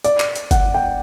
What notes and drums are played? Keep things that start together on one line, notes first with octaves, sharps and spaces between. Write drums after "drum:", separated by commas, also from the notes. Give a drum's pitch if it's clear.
D5, drum: hi-hat
drum: clap
drum: hi-hat
F#5, drum: kick F#1, hi-hat
G5